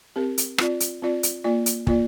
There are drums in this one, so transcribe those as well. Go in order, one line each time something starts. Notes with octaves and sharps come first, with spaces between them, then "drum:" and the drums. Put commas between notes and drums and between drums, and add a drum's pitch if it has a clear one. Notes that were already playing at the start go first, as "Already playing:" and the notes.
C4 G4 A#4
drum: hi-hat
C4 F4 D5, drum: rim click
drum: hi-hat
C4 F4 D5
drum: hi-hat
A#3 F4 D5
drum: hi-hat
A#3 F4 D5, drum: kick